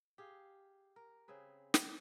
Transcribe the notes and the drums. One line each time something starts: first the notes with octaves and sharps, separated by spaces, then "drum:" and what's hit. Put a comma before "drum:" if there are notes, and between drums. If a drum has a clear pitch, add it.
G4 G#4 F5
A#4
C#3 C4 G#4 B4
D4, drum: snare